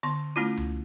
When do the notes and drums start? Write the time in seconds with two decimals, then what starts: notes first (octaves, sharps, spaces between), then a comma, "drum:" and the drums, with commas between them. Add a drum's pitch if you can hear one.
0.03 D3 B3 C6
0.36 A3 B3 C#4 E4 F4
0.57 drum: tom C#2